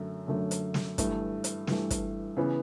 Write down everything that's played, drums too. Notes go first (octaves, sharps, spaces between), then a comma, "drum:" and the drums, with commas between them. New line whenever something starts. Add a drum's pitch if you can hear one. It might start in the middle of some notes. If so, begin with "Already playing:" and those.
Already playing: F#2 D3 F#3 A3
F#2 D3 F#3 A3
drum: hi-hat
drum: snare
G2 E3 A3, drum: kick, hi-hat
drum: hi-hat
G2 E3 A3, drum: snare
drum: kick, hi-hat
C#3 E3 B3